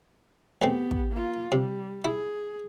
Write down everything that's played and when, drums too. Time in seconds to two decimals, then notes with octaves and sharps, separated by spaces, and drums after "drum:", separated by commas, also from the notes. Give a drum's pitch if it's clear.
0.62 E2 A3 B3 C4 G4
0.91 drum: kick
1.12 A#3 F4
1.52 C3 G3
2.05 E4 G#4